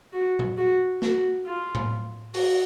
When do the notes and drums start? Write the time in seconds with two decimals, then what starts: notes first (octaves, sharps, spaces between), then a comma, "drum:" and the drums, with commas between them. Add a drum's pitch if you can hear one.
0.13 F#4
0.39 drum: tom A#2
0.58 F#4
1.02 F#4, drum: snare
1.46 F4
1.75 drum: tom A2
2.34 F#4, drum: open hi-hat